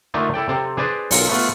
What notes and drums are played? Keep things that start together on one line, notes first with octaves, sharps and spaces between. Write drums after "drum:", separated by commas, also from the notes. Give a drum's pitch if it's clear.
D3 A3 A#3 D4 D#4 F4
E4 A4 D5 G5
C3 C4 A4
D4 G#4 B4 C5 D5
B1 F4 A#4, drum: open hi-hat
A3 B3 F4